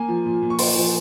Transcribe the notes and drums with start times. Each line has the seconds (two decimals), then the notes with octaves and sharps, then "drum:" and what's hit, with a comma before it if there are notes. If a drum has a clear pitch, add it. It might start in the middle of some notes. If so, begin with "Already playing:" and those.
Already playing: A#3 G#5
0.08 F3
0.26 A#2
0.42 A#2
0.50 C#6
0.59 A#2 C6, drum: open hi-hat
0.76 F3